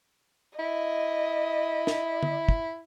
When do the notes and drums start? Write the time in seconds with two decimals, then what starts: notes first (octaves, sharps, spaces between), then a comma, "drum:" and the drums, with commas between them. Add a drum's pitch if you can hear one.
0.59 E4 D#5
1.87 drum: snare
2.23 drum: tom D3
2.49 drum: kick